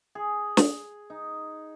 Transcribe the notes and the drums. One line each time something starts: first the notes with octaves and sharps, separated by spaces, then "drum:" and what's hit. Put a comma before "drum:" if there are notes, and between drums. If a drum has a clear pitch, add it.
G#4
drum: snare
D#4